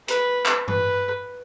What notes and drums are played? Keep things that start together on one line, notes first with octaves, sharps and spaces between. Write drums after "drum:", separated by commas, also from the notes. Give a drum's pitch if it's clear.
B4, drum: hi-hat
drum: clap
B4, drum: tom G2